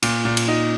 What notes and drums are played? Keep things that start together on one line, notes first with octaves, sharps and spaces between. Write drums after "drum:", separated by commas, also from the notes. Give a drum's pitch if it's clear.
A#2, drum: cymbal
A#2
drum: cymbal
D#4